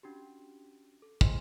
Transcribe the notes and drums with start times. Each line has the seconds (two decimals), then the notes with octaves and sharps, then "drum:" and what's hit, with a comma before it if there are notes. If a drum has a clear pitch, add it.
0.03 C#4 D4 F#4 G4
1.02 A4
1.21 E4 G#4 C5 D#5 G#5 C6, drum: kick